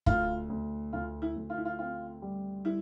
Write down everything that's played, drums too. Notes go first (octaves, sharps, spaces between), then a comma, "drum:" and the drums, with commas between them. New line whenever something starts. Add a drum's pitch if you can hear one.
D2 F4, drum: kick
D2
D2 F4
E4
D2
F4
E4
F4
C4 F4
G3
G3 E4